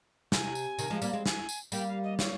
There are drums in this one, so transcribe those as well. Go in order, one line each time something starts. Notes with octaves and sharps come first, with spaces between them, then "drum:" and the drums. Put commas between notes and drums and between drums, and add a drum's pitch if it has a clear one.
C3 G#5, drum: snare
drum: tambourine
C3 D#3, drum: tambourine
F3 G#3
G3 A#3, drum: tambourine
G#3 C4
G#5, drum: snare
drum: tambourine
G3 A#3 G5, drum: tambourine
F5
D#5
C#5, drum: snare